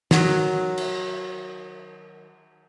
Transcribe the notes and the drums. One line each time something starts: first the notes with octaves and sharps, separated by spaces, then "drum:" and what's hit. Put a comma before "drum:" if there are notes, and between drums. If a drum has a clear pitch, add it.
D#3 F#3, drum: snare
drum: cymbal